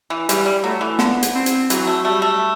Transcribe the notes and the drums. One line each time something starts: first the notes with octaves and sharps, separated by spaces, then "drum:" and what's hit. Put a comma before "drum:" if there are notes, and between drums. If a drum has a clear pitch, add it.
E3
E3 G3, drum: hi-hat
G3
F#3 A3
E3
D3 B3, drum: snare
drum: hi-hat
C4
drum: hi-hat
E3 F#3, drum: hi-hat
A3
G3 A3
A3